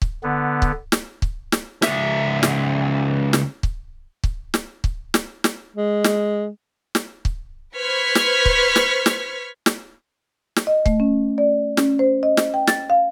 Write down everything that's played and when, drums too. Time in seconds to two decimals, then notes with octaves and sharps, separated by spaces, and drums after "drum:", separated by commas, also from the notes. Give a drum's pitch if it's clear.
0.02 drum: kick
0.23 D3 B3
0.62 drum: kick
0.92 drum: snare
1.22 drum: kick
1.52 drum: snare
1.82 C#2 E5, drum: snare
2.43 drum: snare
3.33 drum: snare
3.63 drum: kick
4.24 drum: kick
4.54 drum: snare
4.84 drum: kick
5.14 drum: snare
5.44 drum: snare
5.76 G#3
6.04 drum: snare
6.95 drum: snare
7.25 drum: kick
7.78 B4 C5 C#6 F6 G#6 B6
8.15 drum: snare
8.45 drum: kick
8.76 drum: snare
9.06 drum: snare
9.66 drum: snare
10.56 drum: snare
10.67 D#5
10.86 A3, drum: kick
11.00 C#4
11.38 D5
11.77 C#4, drum: snare
11.99 C5
12.23 D#5
12.37 drum: snare
12.54 G5
12.67 A6, drum: snare
12.90 F5